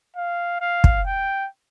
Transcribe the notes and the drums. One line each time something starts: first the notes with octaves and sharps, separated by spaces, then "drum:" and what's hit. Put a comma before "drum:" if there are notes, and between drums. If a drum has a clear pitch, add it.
F5
F5
drum: kick
G5